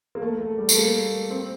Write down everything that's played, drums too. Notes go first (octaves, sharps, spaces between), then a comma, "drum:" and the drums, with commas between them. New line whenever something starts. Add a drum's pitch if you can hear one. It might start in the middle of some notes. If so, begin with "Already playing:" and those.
A#3
A3
A3
G3
A3, drum: tambourine
A#3
C4